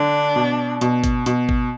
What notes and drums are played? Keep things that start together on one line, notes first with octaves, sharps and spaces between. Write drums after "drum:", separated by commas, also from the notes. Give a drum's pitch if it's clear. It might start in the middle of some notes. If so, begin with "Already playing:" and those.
Already playing: D3 D4
B2
B2, drum: hi-hat
drum: kick, hi-hat
B2, drum: hi-hat
drum: kick